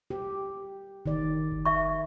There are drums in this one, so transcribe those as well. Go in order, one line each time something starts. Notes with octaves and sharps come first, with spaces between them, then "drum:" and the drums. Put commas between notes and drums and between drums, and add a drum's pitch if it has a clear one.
G4
D#3 D5, drum: kick F#1
drum: kick F#1
E5 C#6